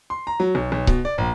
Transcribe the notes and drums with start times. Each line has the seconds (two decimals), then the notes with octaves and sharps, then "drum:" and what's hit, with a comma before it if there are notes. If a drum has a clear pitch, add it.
0.10 C6
0.27 A#5
0.40 F#3
0.55 B1
0.72 B1
0.87 B2, drum: kick C#1
1.05 D5
1.18 A#1